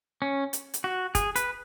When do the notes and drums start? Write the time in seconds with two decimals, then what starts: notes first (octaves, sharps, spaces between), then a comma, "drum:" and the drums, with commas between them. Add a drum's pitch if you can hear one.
0.22 C#4
0.53 drum: hi-hat
0.74 drum: hi-hat
0.84 F#4
1.15 G#4, drum: kick, hi-hat
1.36 B4, drum: hi-hat